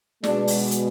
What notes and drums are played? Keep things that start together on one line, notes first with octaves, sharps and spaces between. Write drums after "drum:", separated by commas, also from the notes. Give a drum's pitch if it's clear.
B2 G#3 D4, drum: snare
drum: open hi-hat
drum: hi-hat